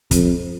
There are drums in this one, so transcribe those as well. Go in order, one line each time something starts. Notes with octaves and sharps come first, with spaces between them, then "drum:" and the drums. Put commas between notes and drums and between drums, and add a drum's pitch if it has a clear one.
F2, drum: kick, hi-hat